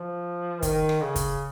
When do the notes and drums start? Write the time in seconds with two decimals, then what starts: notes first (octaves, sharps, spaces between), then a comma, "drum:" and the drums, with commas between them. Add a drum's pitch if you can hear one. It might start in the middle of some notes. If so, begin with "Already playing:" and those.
Already playing: F3
0.63 D#3, drum: kick, hi-hat
0.89 drum: rim click
1.02 C#3
1.16 drum: kick, hi-hat